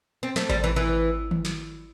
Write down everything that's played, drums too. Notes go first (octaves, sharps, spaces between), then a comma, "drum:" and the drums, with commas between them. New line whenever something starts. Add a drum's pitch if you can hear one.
C4
A3, drum: snare
G3, drum: kick A1
E3
E3
drum: tom D#3
drum: snare